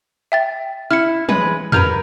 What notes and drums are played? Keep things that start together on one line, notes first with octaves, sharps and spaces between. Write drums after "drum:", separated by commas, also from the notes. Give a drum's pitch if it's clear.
E5 G5 A6
E4 F6 C#7
G#3 B4, drum: tom
F#3 A#4 B4 F6 G6 F7, drum: tom E2